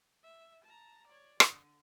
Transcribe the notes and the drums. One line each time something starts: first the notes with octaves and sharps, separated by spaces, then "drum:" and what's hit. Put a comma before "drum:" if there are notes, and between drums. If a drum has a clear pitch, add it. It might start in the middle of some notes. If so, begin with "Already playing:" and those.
E5
A5 A#5
C#5 D5
D3, drum: rim click